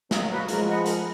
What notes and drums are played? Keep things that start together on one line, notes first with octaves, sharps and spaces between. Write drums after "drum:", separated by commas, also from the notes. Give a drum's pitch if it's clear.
F#3 A#3 D#4, drum: snare
F#4 B4 F5
F3 G#3 A#4, drum: hi-hat
D#5 F#5 B5
A#4, drum: hi-hat